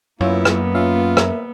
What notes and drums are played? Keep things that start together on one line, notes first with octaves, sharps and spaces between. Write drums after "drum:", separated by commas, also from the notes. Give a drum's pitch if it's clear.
F#2 A#3 B3 C#4 E4 F4 C#5
drum: rim click
C#4 F4 E5 F5
A#4 E5, drum: rim click